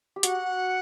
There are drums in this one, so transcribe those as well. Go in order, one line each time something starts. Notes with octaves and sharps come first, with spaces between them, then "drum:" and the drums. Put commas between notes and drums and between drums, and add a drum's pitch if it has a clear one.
G4
F#4 F#5, drum: hi-hat